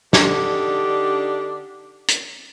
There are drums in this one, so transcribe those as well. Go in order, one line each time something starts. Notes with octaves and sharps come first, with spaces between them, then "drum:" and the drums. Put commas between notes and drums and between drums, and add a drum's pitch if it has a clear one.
D3 D4 D#4 G4, drum: snare
drum: hi-hat